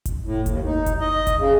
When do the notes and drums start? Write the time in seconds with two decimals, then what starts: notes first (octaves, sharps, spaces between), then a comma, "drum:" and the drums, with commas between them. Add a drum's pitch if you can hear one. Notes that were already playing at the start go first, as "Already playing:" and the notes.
0.05 drum: kick F#1, hi-hat
0.25 A2
0.46 D#2, drum: kick F#1, hi-hat
0.65 D#4
0.86 drum: kick F#1, hi-hat
1.01 D#5
1.27 drum: kick F#1, hi-hat
1.39 C#3